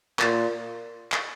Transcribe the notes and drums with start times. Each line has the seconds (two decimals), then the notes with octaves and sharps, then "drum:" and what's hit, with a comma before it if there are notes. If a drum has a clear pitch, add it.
0.19 A#2, drum: clap
1.12 drum: clap